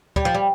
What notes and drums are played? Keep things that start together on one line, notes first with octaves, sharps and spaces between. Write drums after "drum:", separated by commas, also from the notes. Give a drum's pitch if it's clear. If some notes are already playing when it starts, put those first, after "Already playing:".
G3, drum: kick
F3
G3